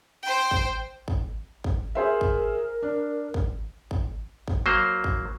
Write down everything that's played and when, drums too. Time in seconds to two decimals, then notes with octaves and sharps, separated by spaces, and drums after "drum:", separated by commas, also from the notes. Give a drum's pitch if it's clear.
0.23 C5 G5
0.51 drum: kick
1.08 drum: kick
1.64 drum: kick
1.95 G#4 A#4 C5 E5
2.21 drum: kick
2.83 D4
3.34 drum: kick
3.91 drum: kick
4.48 drum: kick
4.66 F#3 A#3 C5
5.04 drum: kick